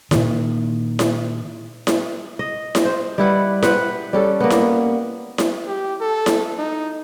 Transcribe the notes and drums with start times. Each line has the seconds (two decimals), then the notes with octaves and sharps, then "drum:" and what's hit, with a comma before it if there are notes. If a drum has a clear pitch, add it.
0.11 A#2 D#3, drum: snare E4
0.99 drum: snare E4
1.87 drum: snare E4
2.39 D#5
2.75 drum: snare E4
2.85 C5
3.18 G3 E4 B4 F#5
3.63 B4 C5 F#5, drum: snare E4
4.13 G3 C#4 A4
4.40 A#3 B3
4.50 drum: snare E4
5.38 drum: snare E4
5.67 G4
6.01 A4
6.26 drum: snare E4
6.58 D#4